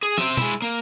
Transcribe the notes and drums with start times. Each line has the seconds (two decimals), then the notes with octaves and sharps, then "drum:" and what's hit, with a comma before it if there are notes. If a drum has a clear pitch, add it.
0.03 G#4
0.18 C4 E5, drum: snare
0.37 G#3 E4, drum: tom
0.62 A#3